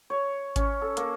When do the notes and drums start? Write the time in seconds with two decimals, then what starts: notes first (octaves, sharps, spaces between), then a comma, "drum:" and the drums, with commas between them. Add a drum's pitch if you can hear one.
0.10 C#5
0.56 C#4, drum: kick G#1, hi-hat
0.81 A4
0.97 A#3, drum: hi-hat